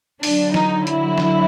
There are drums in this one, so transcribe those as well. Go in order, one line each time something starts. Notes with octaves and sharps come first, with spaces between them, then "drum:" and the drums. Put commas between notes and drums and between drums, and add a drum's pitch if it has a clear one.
D3 F#3 D4, drum: open hi-hat
D#4, drum: snare
E4, drum: hi-hat
drum: snare